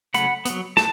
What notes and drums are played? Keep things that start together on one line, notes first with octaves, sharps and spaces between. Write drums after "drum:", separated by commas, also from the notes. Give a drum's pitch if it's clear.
C#3 F#3 A3 F#5 B5, drum: hi-hat
F#3 B3, drum: hi-hat
A5, drum: snare